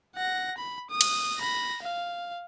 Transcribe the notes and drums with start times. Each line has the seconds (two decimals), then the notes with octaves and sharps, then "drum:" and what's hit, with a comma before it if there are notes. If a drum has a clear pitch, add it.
0.16 F#5 A#6
0.58 B5
0.90 D#6
1.01 drum: cymbal
1.39 B5 A#6
1.82 F5